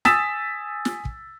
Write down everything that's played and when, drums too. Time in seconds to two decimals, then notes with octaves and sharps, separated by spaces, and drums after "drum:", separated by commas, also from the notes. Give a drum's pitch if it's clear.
0.05 G#5 D#6 E6 A6 B6 E7, drum: snare
0.85 drum: snare
1.05 drum: kick